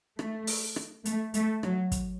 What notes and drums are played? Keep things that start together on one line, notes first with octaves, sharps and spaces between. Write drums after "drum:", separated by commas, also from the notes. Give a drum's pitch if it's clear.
A3, drum: rim click
drum: open hi-hat
drum: rim click
A3, drum: hi-hat
A3, drum: hi-hat
F#3, drum: rim click
drum: kick, hi-hat